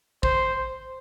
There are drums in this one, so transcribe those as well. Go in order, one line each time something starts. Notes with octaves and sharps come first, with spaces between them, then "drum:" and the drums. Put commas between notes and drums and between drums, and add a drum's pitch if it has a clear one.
C5, drum: kick